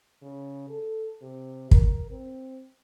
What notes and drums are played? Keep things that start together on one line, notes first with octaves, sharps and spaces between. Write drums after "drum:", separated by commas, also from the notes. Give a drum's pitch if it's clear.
C#3
A4
C3
A#4, drum: kick
C4